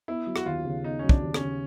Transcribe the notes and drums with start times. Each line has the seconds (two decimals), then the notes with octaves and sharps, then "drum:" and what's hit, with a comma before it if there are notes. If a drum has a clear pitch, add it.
0.08 B3 E4
0.27 F#3
0.36 F#4, drum: rim click
0.46 D#2 F4
0.65 C#3
0.84 B3 D#4
0.99 F#3 C#4
1.09 D4, drum: kick
1.22 D#2
1.34 C#4, drum: rim click
1.41 C#3